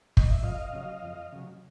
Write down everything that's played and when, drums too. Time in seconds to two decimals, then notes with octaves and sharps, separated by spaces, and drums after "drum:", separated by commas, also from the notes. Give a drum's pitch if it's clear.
0.17 D#5, drum: kick
0.30 E5
0.42 F2 D#5 F5
0.73 C#3 F#3
1.03 F2
1.32 C#3 F#3